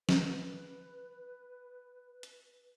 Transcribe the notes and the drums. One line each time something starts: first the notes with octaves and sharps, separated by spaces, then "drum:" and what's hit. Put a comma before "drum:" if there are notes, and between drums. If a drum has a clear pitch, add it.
B4, drum: snare
drum: hi-hat